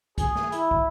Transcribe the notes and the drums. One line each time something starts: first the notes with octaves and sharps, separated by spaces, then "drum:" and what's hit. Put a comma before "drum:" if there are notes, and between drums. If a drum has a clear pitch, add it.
G#4, drum: kick, hi-hat
drum: snare
E4, drum: hi-hat
drum: kick